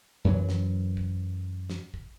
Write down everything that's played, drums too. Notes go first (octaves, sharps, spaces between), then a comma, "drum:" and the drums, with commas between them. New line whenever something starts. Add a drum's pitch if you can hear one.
F#2 E3 F#3
drum: snare
drum: kick
drum: snare
drum: kick